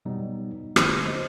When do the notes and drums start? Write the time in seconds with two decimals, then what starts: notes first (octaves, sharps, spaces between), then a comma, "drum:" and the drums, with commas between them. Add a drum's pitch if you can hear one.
0.05 B2 F#3 G3 B3 D#4
0.76 D3 G#3 D6 A#6, drum: rim click
1.05 D#4 C5 D#5